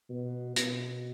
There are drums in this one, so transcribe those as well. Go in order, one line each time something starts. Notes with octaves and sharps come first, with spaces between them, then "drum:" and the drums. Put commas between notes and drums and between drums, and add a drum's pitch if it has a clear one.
B2
B2, drum: hi-hat